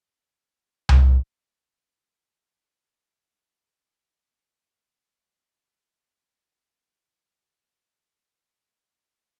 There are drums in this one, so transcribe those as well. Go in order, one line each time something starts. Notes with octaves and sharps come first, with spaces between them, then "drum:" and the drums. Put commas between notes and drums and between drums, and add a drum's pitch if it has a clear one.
B5
drum: tom C2
C#4 B5
C#4
A2 G#3
C3 D#3
F#2
B2 D#3
G3
G2 D#4 C#5
F#6 B6